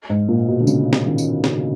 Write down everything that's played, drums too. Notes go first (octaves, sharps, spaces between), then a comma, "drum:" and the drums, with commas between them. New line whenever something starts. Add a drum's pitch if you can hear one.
G#2
A#2
B2
D3
C#3, drum: tambourine
drum: snare
D#3
drum: tambourine
drum: snare